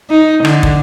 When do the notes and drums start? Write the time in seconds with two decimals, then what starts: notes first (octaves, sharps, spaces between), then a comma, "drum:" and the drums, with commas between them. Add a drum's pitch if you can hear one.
0.10 D#4
0.45 D3, drum: rim click
0.63 drum: kick